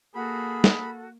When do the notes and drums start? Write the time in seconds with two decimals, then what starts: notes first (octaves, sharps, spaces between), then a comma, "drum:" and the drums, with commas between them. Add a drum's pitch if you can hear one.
0.15 A#3 F#4 G#4 A4 B5
0.64 drum: snare